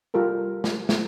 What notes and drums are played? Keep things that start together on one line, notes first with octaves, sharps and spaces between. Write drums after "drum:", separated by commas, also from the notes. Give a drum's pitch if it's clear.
G3 F4 G4 A4 A#4
drum: snare
drum: snare